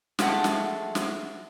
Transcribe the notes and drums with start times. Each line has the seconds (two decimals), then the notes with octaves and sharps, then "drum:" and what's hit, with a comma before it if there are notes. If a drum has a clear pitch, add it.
0.19 F3 G#3 A3 A4 F#5, drum: snare
0.44 drum: snare
0.95 drum: snare